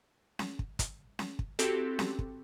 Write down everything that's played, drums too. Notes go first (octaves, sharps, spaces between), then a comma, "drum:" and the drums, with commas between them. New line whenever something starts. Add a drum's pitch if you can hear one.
drum: snare C#4
drum: kick
drum: kick, hi-hat
drum: snare C#4
drum: kick
C4 E4 F#4 G4 A4, drum: hi-hat
drum: snare C#4
drum: kick